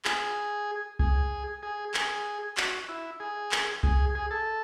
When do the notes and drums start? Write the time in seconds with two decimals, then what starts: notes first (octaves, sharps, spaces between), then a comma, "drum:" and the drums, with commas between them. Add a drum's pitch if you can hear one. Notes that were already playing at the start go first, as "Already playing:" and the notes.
0.05 G#4, drum: clap
0.99 G#4, drum: kick C2
1.63 G#4
1.94 G#4, drum: clap
2.57 F#4, drum: clap
2.89 E4
3.20 G#4
3.52 drum: clap
3.83 G#4, drum: kick C2
4.15 G#4
4.31 A4